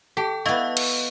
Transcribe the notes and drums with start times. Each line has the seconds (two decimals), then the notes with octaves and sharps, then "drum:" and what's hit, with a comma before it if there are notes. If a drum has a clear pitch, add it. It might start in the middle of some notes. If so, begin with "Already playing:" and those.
0.17 G4 A4 A5
0.46 B3 E4 D#5 F5 C#6
0.77 drum: cymbal